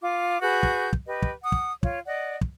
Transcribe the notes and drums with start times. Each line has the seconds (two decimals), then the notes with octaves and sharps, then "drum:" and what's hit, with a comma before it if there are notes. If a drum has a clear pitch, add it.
0.02 F4 D6
0.41 F#4 G#4 B4 G6
0.63 drum: kick
0.93 drum: kick
1.08 G4 B4 D#5
1.22 drum: kick
1.43 F#5 D#6
1.52 drum: kick
1.83 F4 C#5, drum: kick
2.06 D5 D#5 F#5
2.41 drum: kick